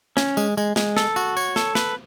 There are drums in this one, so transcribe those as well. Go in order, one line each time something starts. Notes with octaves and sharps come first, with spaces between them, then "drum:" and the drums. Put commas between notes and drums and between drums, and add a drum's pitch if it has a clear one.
C#4, drum: snare
G#3, drum: tambourine
G#3, drum: tambourine
G#3, drum: snare
A4, drum: snare
F#4, drum: tambourine
C#5, drum: tambourine
A4, drum: snare
B4, drum: snare